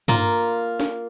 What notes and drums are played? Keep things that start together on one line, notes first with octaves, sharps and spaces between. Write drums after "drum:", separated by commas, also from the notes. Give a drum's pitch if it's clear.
A#3 F4 A#4, drum: tom G2
drum: snare